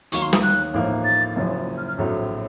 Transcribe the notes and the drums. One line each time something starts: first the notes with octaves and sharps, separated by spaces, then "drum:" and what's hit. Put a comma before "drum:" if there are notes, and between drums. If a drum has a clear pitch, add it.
D#2 D#3 F#3 A#3 C#6, drum: hi-hat
C6
D#6, drum: snare
F#6
A1 A2 F3 A#3 D#4
A6
F#1 F#2 F3
F6
F6
A#1 A2 F#3 A3 C4